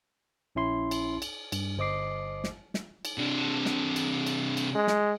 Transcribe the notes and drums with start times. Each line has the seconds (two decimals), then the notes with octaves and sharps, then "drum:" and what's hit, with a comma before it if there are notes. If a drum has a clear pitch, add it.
0.55 A#1 C#4 E4 C6
0.91 drum: cymbal
1.22 drum: cymbal
1.52 G2, drum: cymbal
1.78 G1 C5 D#5 D6 C7
2.44 drum: snare
2.74 drum: snare
3.05 drum: cymbal
3.18 C3 D4
3.66 drum: snare
3.96 drum: cymbal
4.27 drum: cymbal
4.57 drum: cymbal
4.75 G#3
4.87 drum: snare